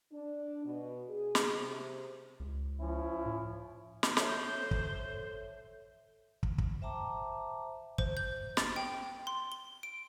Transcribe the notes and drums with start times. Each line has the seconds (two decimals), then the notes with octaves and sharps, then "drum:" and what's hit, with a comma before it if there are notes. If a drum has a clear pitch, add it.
0.12 D4
0.64 B2
1.08 G#4
1.35 drum: snare
1.57 C3
2.40 C#2
2.80 F3 C#4 E4
3.26 A2
4.03 drum: snare
4.17 A4 C5 C#5 E5 G6, drum: snare
4.71 drum: kick
6.43 drum: kick
6.58 drum: kick
6.81 C5 E5 G5 A5 A#5 D6
7.98 C5, drum: kick
8.17 G6
8.57 A6, drum: snare
8.76 G5
9.27 C6
9.52 G7
9.83 D7